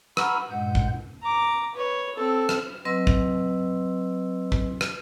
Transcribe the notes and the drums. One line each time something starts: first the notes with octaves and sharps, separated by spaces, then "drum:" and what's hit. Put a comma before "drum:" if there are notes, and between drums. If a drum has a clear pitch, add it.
F#5 A#5 B5 C#6 E6 F6, drum: rim click
G2 A#2 G#3 F#5 G6
drum: kick
A#5 D6
B4 C#5
C4 A4
drum: rim click
F#3 C4 B4 D#5 C6 E6
drum: kick
drum: kick
drum: rim click